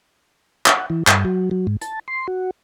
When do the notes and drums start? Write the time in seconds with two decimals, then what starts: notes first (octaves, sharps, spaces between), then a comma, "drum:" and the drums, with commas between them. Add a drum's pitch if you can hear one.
0.66 F#5, drum: clap
0.90 E3
1.07 G2, drum: clap
1.25 F#3
1.51 F#3
1.67 G#2
1.81 A5, drum: hi-hat
2.08 C6
2.28 F#4